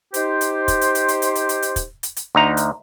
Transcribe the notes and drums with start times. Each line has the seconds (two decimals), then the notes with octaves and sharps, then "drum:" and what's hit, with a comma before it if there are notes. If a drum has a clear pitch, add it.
0.14 D#4 G4 C5, drum: hi-hat
0.41 drum: hi-hat
0.68 drum: kick, hi-hat
0.81 drum: hi-hat
0.95 drum: hi-hat
1.08 drum: hi-hat
1.22 drum: hi-hat
1.35 drum: hi-hat
1.49 drum: hi-hat
1.62 drum: hi-hat
1.76 drum: kick, hi-hat
2.03 drum: hi-hat
2.16 drum: hi-hat
2.35 D2 D#4 A#5
2.57 drum: hi-hat